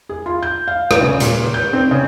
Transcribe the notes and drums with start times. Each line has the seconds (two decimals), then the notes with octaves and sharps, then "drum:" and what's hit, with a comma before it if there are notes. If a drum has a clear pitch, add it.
0.09 G#4
0.26 F4
0.43 G6
0.68 F5
0.91 drum: rim click
1.01 C#3
1.20 A#2, drum: hi-hat
1.54 G6
1.73 C4
1.91 C#3